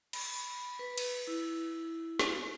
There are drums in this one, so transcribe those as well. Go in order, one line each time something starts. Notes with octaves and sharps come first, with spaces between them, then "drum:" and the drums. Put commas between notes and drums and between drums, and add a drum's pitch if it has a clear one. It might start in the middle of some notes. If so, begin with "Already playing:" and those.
B5, drum: cymbal
B4
drum: cymbal
E4
drum: snare